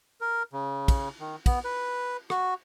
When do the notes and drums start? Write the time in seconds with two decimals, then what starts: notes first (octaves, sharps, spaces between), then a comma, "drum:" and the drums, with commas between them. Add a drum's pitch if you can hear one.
0.21 A#4
0.53 C#3
0.88 drum: kick, cymbal
1.20 D#3
1.46 B3, drum: kick, cymbal
1.65 B4
2.30 F#4, drum: rim click